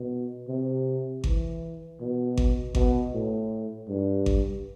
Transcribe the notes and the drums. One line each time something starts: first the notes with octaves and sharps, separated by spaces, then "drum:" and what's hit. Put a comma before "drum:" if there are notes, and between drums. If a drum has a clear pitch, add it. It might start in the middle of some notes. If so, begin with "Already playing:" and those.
Already playing: B2
C3
E3, drum: kick G#1
B2
drum: kick G#1
B2, drum: kick G#1
A2
G2
drum: kick G#1